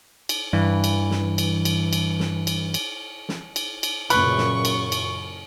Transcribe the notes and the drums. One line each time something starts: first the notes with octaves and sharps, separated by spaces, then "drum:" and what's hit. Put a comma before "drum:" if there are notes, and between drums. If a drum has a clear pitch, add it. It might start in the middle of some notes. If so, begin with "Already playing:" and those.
drum: cymbal
G2 E3
drum: cymbal
drum: snare
drum: cymbal
drum: cymbal
drum: cymbal
drum: snare
drum: cymbal
drum: cymbal
drum: snare
drum: cymbal
drum: cymbal
F#2 A#2 C#3 B4 C#6, drum: cymbal
drum: snare
drum: cymbal
drum: cymbal